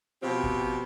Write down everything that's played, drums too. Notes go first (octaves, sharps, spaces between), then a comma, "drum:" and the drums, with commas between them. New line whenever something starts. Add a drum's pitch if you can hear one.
B2 F3 C4 G4
drum: kick G1